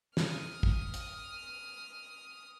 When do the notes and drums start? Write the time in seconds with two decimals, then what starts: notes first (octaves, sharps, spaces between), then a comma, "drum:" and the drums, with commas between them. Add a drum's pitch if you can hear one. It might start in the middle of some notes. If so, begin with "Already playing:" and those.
0.17 D#6 F6, drum: snare
0.63 drum: kick
0.94 drum: hi-hat